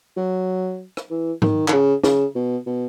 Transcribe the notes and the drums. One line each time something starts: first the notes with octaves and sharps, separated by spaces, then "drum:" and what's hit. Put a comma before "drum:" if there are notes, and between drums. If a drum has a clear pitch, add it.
F#3
drum: rim click
E3
D#3, drum: tom G#2
D#3, drum: clap
C#3
C#3, drum: snare
B2
B2